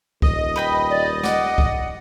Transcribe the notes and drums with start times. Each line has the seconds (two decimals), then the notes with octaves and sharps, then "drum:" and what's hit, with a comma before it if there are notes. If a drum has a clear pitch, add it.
0.22 D#1 D#5, drum: kick C2
0.56 B4 G5 B5
0.90 D5
1.23 D5 F#5, drum: snare
1.58 drum: kick C2